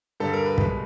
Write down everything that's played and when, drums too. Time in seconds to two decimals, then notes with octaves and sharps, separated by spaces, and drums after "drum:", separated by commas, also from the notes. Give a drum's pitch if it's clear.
0.20 G2 D3 G3 A4
0.33 A#4
0.46 B4
0.58 C2 B2 G#3 B4, drum: kick